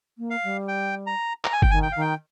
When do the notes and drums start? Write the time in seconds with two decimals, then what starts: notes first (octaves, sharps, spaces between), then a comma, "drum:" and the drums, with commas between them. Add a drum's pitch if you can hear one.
0.18 A#3
0.30 F5
0.44 G3
0.68 G5
1.07 A#5
1.44 A#5, drum: clap
1.53 G#5
1.62 G5, drum: kick G1
1.70 D#3 G#5
1.83 G5
1.92 D#3 F5
2.01 G5